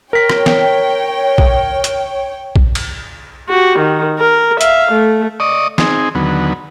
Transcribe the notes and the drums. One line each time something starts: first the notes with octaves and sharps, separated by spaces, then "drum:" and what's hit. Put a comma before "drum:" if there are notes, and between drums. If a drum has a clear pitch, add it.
A#4 C#5 G5 B6
drum: rim click
drum: snare
drum: kick A#1
drum: hi-hat
drum: kick A#1
drum: cymbal
F#4 G4
D#3
A#4
E5 F5, drum: hi-hat
A3
D5 D#5 C#6 D#6
C4 D#4 G#4, drum: snare
D#2 D3 F#3 B3